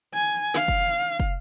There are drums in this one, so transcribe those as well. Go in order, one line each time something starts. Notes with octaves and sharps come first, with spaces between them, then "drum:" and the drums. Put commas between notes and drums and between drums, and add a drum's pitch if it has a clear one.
G#5
F5, drum: snare
drum: kick
drum: kick